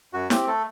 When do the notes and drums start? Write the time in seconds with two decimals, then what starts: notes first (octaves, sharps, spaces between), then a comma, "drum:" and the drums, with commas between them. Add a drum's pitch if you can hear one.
0.13 F#2 F#4
0.30 C4 G4, drum: snare
0.47 A3 A4